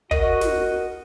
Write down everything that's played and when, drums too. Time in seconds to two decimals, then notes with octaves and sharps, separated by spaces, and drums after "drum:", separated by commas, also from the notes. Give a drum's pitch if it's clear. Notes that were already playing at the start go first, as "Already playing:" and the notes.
0.11 F#4 A#4 D#5, drum: kick
0.41 drum: snare